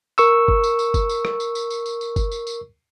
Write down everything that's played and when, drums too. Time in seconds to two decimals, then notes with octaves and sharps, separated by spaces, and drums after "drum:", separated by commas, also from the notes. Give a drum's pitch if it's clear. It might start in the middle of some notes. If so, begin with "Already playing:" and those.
0.18 A#4 C#6 E6, drum: tambourine
0.48 drum: kick
0.64 drum: tambourine
0.79 drum: tambourine
0.94 drum: kick, tambourine
1.09 drum: tambourine
1.25 drum: rim click
1.40 drum: tambourine
1.55 drum: tambourine
1.70 drum: tambourine
1.86 drum: tambourine
2.01 drum: tambourine
2.16 drum: kick, tambourine
2.31 drum: tambourine
2.47 drum: tambourine